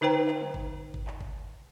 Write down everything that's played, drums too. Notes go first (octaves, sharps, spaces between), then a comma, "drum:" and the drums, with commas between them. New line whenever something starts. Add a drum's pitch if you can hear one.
D3 D#4 B4 C5 G5 A#5
drum: clap
drum: tom F3
drum: kick G1
drum: kick G1
drum: clap
drum: kick G1